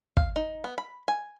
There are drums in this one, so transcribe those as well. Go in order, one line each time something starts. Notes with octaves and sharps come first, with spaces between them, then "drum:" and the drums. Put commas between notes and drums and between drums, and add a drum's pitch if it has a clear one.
F5, drum: kick
D#4
B3
B5
G#5